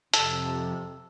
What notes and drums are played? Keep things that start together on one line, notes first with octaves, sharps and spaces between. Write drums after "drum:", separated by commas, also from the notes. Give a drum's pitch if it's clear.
F2 C3 A4, drum: hi-hat